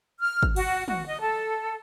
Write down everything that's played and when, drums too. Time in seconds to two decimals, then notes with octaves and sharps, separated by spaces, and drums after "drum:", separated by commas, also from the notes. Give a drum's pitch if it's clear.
0.19 F6
0.43 drum: kick G#1
0.56 F#4, drum: cymbal
0.88 F#4, drum: tom
1.06 D#5
1.20 A4